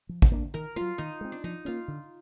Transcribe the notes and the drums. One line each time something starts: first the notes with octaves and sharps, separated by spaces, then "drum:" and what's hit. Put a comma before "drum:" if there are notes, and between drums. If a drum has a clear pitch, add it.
F3
drum: kick
A#3 D4
D#3 A#4
F#3 A#3 F4
D#3 D#4
G#3 C4
D4
F3 D#4
A#3 C#4 F4
D3